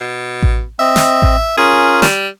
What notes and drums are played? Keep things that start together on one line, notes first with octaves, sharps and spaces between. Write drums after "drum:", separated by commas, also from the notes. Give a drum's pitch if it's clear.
B2
drum: kick A1
C4 D#5 E5
drum: snare
drum: kick A1
C#4 F4 G#4 A#4
G3, drum: snare